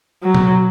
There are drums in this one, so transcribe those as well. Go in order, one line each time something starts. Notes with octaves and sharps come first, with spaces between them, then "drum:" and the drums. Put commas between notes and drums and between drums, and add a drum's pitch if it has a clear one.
F#3
drum: tom B2